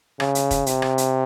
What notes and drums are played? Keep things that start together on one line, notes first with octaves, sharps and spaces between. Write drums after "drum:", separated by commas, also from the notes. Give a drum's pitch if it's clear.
C#3, drum: rim click
drum: hi-hat
drum: kick, hi-hat
C3, drum: hi-hat
drum: rim click
drum: hi-hat